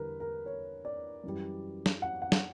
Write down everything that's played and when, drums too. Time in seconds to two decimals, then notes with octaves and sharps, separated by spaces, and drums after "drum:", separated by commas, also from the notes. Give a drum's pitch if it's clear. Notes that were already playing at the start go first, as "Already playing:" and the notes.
Already playing: E2 D3 G3 A#4 B4
0.20 A#4
0.46 C#5
0.85 D5
1.24 F#2 E3 G3
1.86 drum: snare
2.02 F#5
2.22 F#5
2.32 drum: snare